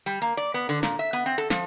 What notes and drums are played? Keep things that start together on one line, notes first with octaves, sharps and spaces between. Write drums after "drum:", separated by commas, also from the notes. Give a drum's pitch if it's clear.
G3
A#3
D5
B3
D3
A#2, drum: snare
E5
B3
C4
A4
F3, drum: snare